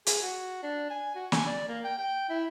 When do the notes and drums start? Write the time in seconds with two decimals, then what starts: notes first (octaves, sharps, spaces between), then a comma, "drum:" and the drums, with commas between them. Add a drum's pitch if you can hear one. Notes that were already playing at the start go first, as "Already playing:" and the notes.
0.07 G#4, drum: hi-hat
0.22 F#4
0.63 D4
0.90 G#5
1.15 F#4
1.32 G#5, drum: snare
1.46 D5
1.68 A#3
1.84 G5
1.98 G5
2.29 E4